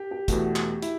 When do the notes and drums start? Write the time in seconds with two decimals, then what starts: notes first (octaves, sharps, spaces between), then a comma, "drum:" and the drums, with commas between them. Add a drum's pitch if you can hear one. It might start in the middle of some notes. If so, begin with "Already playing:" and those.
Already playing: G4
0.11 G4
0.28 E2 B2 A3 F#4, drum: kick, hi-hat
0.56 drum: clap
0.82 E4, drum: hi-hat